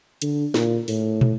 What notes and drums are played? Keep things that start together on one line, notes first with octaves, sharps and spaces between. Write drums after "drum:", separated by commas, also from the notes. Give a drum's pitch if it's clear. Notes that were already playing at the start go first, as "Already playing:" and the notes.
D3, drum: hi-hat
A#2, drum: snare
A2, drum: open hi-hat
drum: tom